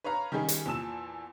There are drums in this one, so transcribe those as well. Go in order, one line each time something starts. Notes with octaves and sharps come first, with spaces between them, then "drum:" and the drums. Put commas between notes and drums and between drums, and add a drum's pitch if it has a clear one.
B4 C#5 F5 A#5
D#3 G3 C#4 G4 G#4
drum: hi-hat
E2 A#2 A5 E6 E7